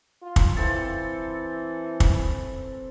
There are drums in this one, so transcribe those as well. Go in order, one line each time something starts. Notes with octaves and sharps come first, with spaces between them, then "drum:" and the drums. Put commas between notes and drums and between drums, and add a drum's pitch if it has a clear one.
F4
drum: kick
E3 C4 A4
drum: kick